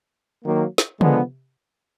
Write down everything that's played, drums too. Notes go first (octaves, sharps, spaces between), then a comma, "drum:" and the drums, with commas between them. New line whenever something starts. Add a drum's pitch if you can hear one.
D#3 F#3 A#3
drum: snare
D3 F3 G#3 B3, drum: tom